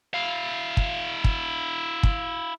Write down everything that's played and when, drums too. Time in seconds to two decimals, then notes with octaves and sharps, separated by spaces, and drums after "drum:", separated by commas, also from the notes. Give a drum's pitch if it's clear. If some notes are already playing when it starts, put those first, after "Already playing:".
0.14 E4 F5
0.77 drum: kick
1.24 drum: kick
2.03 drum: kick